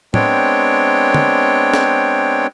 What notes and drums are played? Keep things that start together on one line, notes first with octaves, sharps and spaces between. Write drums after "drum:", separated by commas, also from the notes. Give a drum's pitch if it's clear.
G#3 B3 C4 D4 C#5 G5, drum: tom
drum: tom
drum: snare